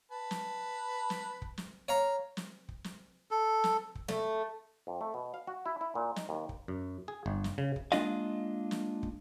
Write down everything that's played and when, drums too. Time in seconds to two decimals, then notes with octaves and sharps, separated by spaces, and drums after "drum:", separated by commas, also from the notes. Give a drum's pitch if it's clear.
0.11 B4 A5
0.31 drum: snare
1.10 drum: snare
1.42 drum: kick
1.58 drum: snare
1.88 C#5 F5 A#5
2.37 drum: snare
2.69 drum: kick
2.84 drum: snare
3.31 A4
3.64 drum: snare
3.95 drum: kick
4.08 A3, drum: snare
4.87 F2
5.01 A3
5.14 B2
5.34 F5
5.47 F#4
5.66 E4
5.81 E4
5.95 A#2
6.16 D#4, drum: snare
6.29 D#2
6.49 drum: kick
6.68 F#2
7.08 G#4
7.26 G1
7.44 drum: snare
7.58 C#3
7.76 drum: kick
7.92 G#3 A#3 D4 F4 D#5 F5, drum: snare
8.71 drum: snare
9.03 drum: kick